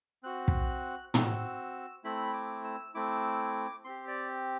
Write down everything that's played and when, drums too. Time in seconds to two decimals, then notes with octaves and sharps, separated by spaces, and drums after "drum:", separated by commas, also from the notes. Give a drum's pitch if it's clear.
0.23 C4 F#4 F#6
0.48 drum: kick
1.14 C4 F#4 E6, drum: tom
2.04 A3 C4 E4 B5
2.34 D6
2.64 E6
2.94 A3 C4 E4 D6
3.84 C4 G4 C6
4.07 D5